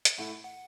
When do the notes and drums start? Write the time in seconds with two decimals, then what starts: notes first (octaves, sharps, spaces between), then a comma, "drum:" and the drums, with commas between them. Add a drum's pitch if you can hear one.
0.05 drum: hi-hat
0.18 A2 A3 F#5
0.44 F#5